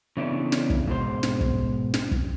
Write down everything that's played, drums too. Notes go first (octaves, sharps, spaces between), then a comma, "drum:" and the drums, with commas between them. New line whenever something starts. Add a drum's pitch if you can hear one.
C#3 E3 A3 B3 C#4 D4
drum: snare
drum: kick
G#2 B2 C5
drum: snare
drum: kick
drum: snare
drum: kick